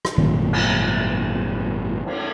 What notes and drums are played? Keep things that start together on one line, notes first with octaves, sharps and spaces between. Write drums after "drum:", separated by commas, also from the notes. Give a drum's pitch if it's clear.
drum: rim click
G#1 F#2 A#2 G3, drum: tom D#3
drum: cymbal
drum: cymbal